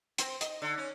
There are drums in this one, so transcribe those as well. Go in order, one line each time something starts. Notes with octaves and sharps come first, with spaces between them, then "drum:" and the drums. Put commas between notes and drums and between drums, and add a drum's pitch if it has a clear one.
C4, drum: hi-hat
D#5, drum: hi-hat
D3
C#4